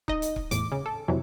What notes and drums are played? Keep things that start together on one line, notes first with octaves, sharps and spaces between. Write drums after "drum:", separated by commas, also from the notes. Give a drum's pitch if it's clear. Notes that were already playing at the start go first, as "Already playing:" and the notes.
D#4 D#5, drum: kick C#1
drum: hi-hat
drum: kick C#1
E2 A2 D6, drum: hi-hat
C#3
A4
F2 C3 E3 F#3